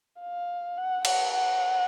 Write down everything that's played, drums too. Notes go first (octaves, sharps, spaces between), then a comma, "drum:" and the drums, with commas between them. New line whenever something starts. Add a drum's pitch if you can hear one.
F5
F#5
F#5, drum: cymbal
F#5